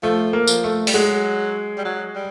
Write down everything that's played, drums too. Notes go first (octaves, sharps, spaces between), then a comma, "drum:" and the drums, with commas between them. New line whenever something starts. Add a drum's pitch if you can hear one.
F3 A3
A#3
F3, drum: tambourine
A3
G3, drum: open hi-hat
F#3 G#3
G3
F#3
G3